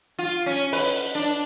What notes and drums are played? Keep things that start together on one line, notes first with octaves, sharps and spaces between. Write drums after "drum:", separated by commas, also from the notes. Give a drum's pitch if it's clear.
F4
C#4
B4, drum: open hi-hat
D4